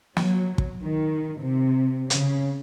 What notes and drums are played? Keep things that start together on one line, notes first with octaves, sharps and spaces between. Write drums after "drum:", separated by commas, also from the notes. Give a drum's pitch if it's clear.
F#3, drum: snare
drum: kick
D#3
C3
C#3, drum: hi-hat